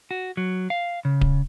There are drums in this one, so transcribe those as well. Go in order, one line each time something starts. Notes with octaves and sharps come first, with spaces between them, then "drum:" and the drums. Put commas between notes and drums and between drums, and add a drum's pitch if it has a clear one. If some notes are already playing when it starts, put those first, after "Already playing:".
F#4
F#3
F5
C#3
drum: kick D1